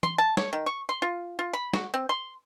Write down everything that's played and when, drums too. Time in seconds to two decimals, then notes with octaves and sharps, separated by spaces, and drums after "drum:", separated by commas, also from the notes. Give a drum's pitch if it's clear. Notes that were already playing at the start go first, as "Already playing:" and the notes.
0.03 C6, drum: tom
0.18 A5
0.37 C#5, drum: snare
0.53 D#3
0.66 C#6
0.89 C6
1.02 F4
1.39 F4
1.53 B5
1.73 F#4, drum: snare
1.94 C4
2.09 C6